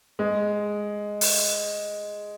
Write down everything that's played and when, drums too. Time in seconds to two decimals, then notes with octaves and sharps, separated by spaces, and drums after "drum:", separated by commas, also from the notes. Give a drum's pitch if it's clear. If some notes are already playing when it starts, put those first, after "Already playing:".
0.19 G#3
1.21 drum: open hi-hat